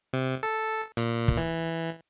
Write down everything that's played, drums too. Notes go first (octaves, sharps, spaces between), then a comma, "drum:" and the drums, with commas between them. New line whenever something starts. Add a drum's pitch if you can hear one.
C3
A4
A#2, drum: hi-hat
drum: kick
E3